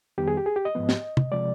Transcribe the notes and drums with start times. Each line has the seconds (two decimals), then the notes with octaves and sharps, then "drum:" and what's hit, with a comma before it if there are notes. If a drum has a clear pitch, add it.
0.18 F2 D#3 G3 B3 G4
0.28 G#4
0.37 G4
0.46 G#4
0.56 G4
0.65 D#5
0.75 G#2 F3 B3
0.89 drum: snare
1.17 drum: tom
1.32 C3 F3 G#3 D5